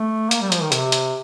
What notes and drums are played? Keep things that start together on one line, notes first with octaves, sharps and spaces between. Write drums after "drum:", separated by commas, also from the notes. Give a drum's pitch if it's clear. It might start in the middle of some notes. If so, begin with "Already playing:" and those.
Already playing: A3
A#3, drum: hi-hat
G3
F3, drum: hi-hat
D#3
C3, drum: hi-hat
drum: hi-hat